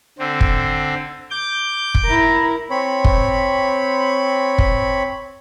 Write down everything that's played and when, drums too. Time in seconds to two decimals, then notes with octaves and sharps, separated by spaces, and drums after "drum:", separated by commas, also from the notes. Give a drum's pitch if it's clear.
0.19 D3 C4
0.41 drum: kick
1.31 D6 G6
1.95 drum: kick
2.06 E4 A#4
2.70 C4 C#5 B5
3.05 drum: kick
4.58 drum: kick